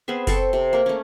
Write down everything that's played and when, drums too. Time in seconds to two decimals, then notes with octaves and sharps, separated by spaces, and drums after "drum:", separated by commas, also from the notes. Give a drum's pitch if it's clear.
0.08 B3 C4 G#4 E5
0.27 C4 A4 C#6, drum: kick F#1, open hi-hat
0.53 C3
0.73 A#3 A#4
0.86 A3 C#4